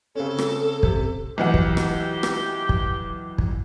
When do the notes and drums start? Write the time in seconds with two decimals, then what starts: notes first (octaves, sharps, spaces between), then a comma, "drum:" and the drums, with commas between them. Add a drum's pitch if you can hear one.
0.15 C#3 C4 C#4 A4
0.39 drum: rim click
0.83 C3, drum: kick
1.38 B1 E3 G4 F#5
1.54 drum: kick
1.77 drum: rim click
2.23 drum: rim click
2.69 drum: kick
3.38 drum: kick